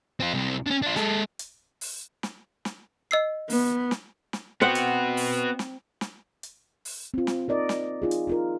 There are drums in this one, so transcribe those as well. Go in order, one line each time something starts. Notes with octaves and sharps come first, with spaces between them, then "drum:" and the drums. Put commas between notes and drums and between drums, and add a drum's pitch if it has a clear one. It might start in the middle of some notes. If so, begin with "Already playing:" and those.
C4 F4
C2 C3
C#4 D4
D4 F4
G#3 A4, drum: snare
drum: hi-hat
drum: open hi-hat
drum: snare
drum: snare
D#5 E6 C7
B3, drum: open hi-hat
drum: snare
drum: snare
B3 C4 F#4 F#5
drum: hi-hat
drum: open hi-hat
drum: snare
drum: snare
drum: hi-hat
drum: open hi-hat
C4 F4
drum: snare
D#4 A#4 D5 D#5
drum: snare
D#4 F4 G#4
drum: hi-hat
D#4 F4 A#4